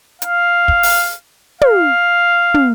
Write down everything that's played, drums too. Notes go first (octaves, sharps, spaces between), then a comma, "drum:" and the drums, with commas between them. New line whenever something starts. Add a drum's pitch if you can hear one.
F5, drum: hi-hat
drum: kick
drum: open hi-hat
F5, drum: tom
drum: tom